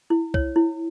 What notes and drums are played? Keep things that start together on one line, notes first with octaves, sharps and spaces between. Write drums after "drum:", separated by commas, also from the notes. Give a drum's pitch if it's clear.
E4
C#5, drum: kick
E4